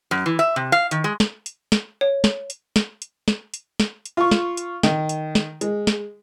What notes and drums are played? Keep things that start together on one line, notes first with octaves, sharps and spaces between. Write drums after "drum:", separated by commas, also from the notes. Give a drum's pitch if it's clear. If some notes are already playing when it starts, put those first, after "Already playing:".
F#2
E3
E5
C3
F5
D#3, drum: hi-hat
G#3
drum: snare
drum: hi-hat
drum: snare
C#5
drum: snare
drum: hi-hat
drum: snare
drum: hi-hat
drum: snare
drum: hi-hat
drum: snare
drum: hi-hat
F4 C#6
drum: snare
drum: hi-hat
D#3, drum: snare
drum: hi-hat
drum: snare
G#3, drum: hi-hat
drum: snare